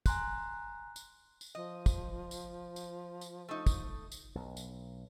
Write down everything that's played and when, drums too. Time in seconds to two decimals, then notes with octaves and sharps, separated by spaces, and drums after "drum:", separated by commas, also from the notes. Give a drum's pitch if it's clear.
0.06 G#5 A#5 C6 F#6, drum: kick, tambourine
0.96 drum: tambourine
1.41 drum: tambourine
1.55 F3 D#5
1.86 drum: kick, tambourine
2.31 drum: tambourine
2.76 drum: tambourine
3.21 drum: tambourine
3.49 A3 D#4
3.66 drum: kick, tambourine
4.12 drum: tambourine
4.35 B1
4.57 drum: tambourine